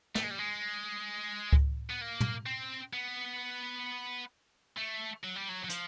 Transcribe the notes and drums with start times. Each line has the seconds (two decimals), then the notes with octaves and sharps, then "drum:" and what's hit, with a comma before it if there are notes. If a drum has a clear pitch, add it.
0.15 A3, drum: snare
0.24 G#3
0.30 G3
0.39 G#3
1.53 drum: kick C#2
1.90 B3
2.01 A#3
2.20 drum: tom
2.46 C4
2.93 B3
4.77 A3
5.23 F#3
5.36 G3
5.49 F#3
5.64 F#3
5.69 F3, drum: hi-hat